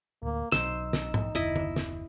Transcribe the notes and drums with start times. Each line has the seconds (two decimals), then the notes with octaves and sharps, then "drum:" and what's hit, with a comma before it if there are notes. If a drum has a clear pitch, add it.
0.23 D1 D2 A#3
0.52 B1 F#3 D#4 C5 E6, drum: snare
0.93 drum: snare
1.14 drum: tom G#2
1.35 F#1 D#2 E4 D#5
1.56 drum: tom D3
1.76 drum: snare